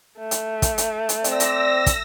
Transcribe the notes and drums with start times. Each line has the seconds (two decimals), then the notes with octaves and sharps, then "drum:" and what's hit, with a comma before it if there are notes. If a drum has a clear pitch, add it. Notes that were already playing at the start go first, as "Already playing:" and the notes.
0.18 A3
0.31 drum: hi-hat
0.62 drum: kick, hi-hat
0.78 drum: hi-hat
1.09 drum: hi-hat
1.24 C4 D5 E6 A#6, drum: hi-hat
1.40 drum: hi-hat
1.86 drum: kick, hi-hat